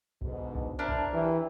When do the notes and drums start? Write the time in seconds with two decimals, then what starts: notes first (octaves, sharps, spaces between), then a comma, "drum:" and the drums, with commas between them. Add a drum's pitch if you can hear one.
0.21 G#2 B2 D3, drum: kick
0.55 drum: kick
0.79 D4 E4 A#4 C5 A5
0.89 drum: kick
1.13 E3 G4 E5 G5